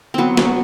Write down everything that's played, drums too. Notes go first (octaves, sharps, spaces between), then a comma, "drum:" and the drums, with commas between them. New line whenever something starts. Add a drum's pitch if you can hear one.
F#3 B3 C4
F#3, drum: snare